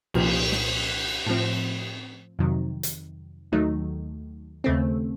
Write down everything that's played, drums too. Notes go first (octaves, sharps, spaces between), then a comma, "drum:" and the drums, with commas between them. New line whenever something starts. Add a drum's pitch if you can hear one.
C2 A#2 F3, drum: cymbal
drum: snare
A2 F3 C4
F2 C3 D#3 F#3
drum: hi-hat
D#2 D#3 F#3 A3 D#4
D#2 C#3 A3 C4